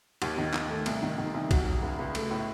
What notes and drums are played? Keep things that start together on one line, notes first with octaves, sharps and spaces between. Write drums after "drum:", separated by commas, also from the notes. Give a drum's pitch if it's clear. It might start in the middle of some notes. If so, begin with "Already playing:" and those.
D#2, drum: cymbal
D#3
D#3, drum: clap
A3
C2, drum: cymbal
D#3
D#3
C2
F#3, drum: kick A#1, cymbal
F#3
C#2
C#2
A3, drum: cymbal
A2